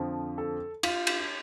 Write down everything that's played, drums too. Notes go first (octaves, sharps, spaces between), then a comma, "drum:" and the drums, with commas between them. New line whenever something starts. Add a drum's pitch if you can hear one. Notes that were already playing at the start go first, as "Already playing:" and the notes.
Already playing: F2 D3 F3
A4
F4, drum: cymbal
drum: cymbal